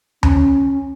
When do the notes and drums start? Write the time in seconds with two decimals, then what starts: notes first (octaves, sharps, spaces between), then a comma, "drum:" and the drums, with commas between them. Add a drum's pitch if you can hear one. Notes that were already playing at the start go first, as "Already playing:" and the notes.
0.23 C#4, drum: tom D#2